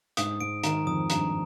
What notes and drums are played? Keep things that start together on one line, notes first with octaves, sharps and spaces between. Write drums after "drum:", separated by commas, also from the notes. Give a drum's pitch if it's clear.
G#2 D#6, drum: hi-hat
G#2 D7
D#3 A#5, drum: hi-hat
F2 D#6
G2 A#5, drum: hi-hat